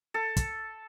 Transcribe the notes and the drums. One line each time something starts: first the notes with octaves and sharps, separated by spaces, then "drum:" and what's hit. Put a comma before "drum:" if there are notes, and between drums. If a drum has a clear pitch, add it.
A4
drum: kick, hi-hat